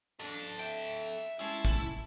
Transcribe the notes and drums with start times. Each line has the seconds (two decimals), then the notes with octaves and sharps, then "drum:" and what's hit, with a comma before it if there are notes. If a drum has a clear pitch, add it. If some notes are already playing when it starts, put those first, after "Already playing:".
0.20 D4 A4 D#5
0.59 E5 G5
1.39 G#3 C#4 E4 G#4 A5
1.65 drum: kick